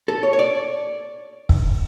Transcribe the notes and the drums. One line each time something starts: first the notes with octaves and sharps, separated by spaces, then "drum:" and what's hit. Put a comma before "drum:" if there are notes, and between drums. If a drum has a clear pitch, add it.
A4
C#5
C#5
D5
drum: kick